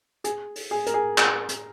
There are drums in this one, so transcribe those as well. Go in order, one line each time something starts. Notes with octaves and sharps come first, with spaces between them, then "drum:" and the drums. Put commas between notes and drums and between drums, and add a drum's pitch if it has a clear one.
G#4, drum: hi-hat
drum: open hi-hat
G#4
A#4, drum: hi-hat
G#4
G#4, drum: clap
drum: hi-hat